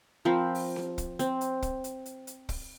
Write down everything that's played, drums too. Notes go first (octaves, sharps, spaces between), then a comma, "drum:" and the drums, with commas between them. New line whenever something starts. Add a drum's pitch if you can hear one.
F3 C4 A#4 B5
drum: open hi-hat
drum: snare C4
drum: kick, hi-hat
C4, drum: hi-hat
drum: hi-hat
drum: kick, hi-hat
drum: hi-hat
drum: hi-hat
drum: hi-hat
drum: kick, open hi-hat